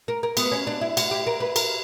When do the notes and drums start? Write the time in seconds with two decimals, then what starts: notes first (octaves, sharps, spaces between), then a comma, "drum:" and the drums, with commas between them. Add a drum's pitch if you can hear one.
0.08 A#4
0.23 A#4
0.37 B3, drum: cymbal
0.52 C#4
0.67 D4
0.81 E4
0.97 F#4, drum: cymbal
1.11 G4
1.27 A#4
1.40 B4
1.56 A#4, drum: cymbal